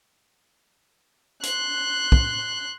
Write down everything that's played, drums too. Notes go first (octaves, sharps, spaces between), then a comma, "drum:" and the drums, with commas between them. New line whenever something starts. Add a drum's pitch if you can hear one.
C6 F#6, drum: hi-hat
drum: kick